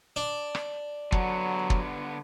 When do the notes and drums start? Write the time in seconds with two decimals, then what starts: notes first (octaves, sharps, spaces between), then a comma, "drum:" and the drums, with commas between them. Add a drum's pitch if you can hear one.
0.16 D4
0.55 drum: rim click
1.12 D3 F#3 B3, drum: kick
1.70 drum: kick